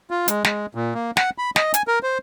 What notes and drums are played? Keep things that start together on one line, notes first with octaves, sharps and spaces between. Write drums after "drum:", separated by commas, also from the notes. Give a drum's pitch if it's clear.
F4
G#3, drum: hi-hat
G#3, drum: snare
A#2
A#3
F#5, drum: snare
B5
D#5, drum: snare
G#5, drum: hi-hat
A#4
C5